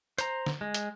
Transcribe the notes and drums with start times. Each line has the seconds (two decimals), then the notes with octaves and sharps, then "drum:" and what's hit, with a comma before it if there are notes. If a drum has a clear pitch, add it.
0.18 C5 A#5, drum: hi-hat
0.46 drum: snare
0.61 G#3
0.74 drum: hi-hat